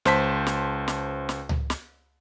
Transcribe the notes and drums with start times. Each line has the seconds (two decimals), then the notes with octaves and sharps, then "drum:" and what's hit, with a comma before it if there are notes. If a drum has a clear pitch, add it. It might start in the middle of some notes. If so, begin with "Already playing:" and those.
0.05 C#2 C5 A5 B6, drum: snare
0.47 drum: snare
0.88 drum: snare
1.29 drum: snare
1.49 drum: tom C#2
1.70 drum: snare